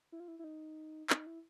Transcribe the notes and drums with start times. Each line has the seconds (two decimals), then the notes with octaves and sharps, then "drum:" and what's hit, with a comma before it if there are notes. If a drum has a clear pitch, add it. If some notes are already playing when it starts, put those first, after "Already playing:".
0.12 E4
0.20 F4
0.28 E4
0.39 E4
0.44 D#4
1.10 D#4, drum: clap
1.26 E4